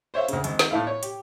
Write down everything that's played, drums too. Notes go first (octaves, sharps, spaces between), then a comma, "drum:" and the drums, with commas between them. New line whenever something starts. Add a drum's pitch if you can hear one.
C5 C#5 E5 F5
D2 C#3, drum: hi-hat
G#1, drum: hi-hat
drum: snare
A2 A3 E4 F5
C#5
G4, drum: hi-hat